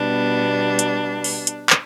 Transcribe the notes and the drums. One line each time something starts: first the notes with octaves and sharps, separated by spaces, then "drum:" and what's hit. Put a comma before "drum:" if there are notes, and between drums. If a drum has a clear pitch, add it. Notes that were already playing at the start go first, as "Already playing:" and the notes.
Already playing: B2 G3 B3 D4
drum: hi-hat
drum: open hi-hat
drum: hi-hat
drum: clap